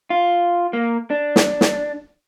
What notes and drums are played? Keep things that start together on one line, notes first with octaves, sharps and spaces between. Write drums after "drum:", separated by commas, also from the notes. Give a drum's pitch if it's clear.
F4
A#3
D4
drum: snare
drum: snare